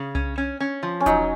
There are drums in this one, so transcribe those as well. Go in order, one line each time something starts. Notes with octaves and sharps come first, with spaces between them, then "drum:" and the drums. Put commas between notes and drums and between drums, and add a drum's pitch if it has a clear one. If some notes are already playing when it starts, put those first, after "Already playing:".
Already playing: C#3
C#4, drum: tom C2
C#4
C#4
F3
C#4
F#3 D#4, drum: kick E1, hi-hat